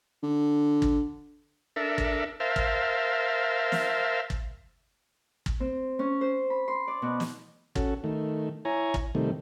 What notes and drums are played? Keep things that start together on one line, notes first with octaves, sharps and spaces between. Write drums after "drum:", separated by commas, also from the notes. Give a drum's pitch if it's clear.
D3
drum: kick
D4 A4 A#4 E5
drum: kick
A#4 C5 E5 F5 A5
drum: kick
drum: snare
drum: kick
drum: kick
C4
C#4
C5
B5
C6
D5
B2
drum: snare
C#4 F#4 A4, drum: kick
D#3 A3
E4 C#5 G#5 A#5
drum: kick
C3 D#3 G3 A3